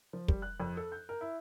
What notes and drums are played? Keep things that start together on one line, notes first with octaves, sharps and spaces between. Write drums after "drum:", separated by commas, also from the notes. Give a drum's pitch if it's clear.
F3
G3, drum: kick
F#6
F2
A4
G6
A#4
E4